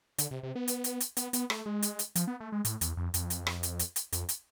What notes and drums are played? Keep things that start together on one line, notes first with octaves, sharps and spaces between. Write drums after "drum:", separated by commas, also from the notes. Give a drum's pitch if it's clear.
D3, drum: hi-hat
C3
C3
B3
drum: hi-hat
drum: hi-hat
drum: hi-hat
B3, drum: hi-hat
B3, drum: hi-hat
A3, drum: rim click
G#3
drum: hi-hat
drum: hi-hat
F3, drum: hi-hat
B3
A3
G#3
A2, drum: hi-hat
E2, drum: hi-hat
F2
F2, drum: hi-hat
drum: hi-hat
drum: rim click
drum: hi-hat
drum: hi-hat
drum: hi-hat
F2, drum: hi-hat
drum: hi-hat